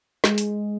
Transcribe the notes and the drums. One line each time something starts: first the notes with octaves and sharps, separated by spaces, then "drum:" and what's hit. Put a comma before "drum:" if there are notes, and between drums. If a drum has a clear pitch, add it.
G#3, drum: snare
drum: hi-hat